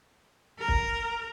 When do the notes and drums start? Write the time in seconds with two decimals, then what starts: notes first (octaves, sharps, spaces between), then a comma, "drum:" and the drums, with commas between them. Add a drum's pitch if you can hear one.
0.59 A#4
0.68 drum: kick